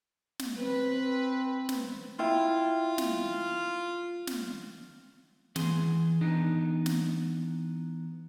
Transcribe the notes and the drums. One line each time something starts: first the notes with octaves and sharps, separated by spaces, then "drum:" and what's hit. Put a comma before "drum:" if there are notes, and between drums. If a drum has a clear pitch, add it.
drum: snare
C4 B4
drum: snare
E4 F4 G5
drum: snare
drum: snare
E3 G#4 C6, drum: snare
E3 B3 D4 D#4
drum: snare